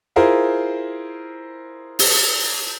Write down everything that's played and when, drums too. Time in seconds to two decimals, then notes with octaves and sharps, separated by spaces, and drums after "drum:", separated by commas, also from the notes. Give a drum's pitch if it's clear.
0.16 E4 F4 G#4 A#4 C5
1.99 drum: open hi-hat